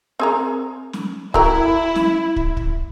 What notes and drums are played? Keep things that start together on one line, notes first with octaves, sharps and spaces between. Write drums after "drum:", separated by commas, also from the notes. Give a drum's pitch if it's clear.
C4 G#4 A#4
drum: snare
F#3 E4 A#4 G5, drum: kick
drum: snare
drum: kick
drum: kick